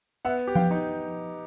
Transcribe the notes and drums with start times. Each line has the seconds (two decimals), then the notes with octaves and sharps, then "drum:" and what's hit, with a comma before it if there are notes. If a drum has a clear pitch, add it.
0.25 B3 E5 F#5
0.47 G4
0.55 F5 G5, drum: tom F3
0.71 D#4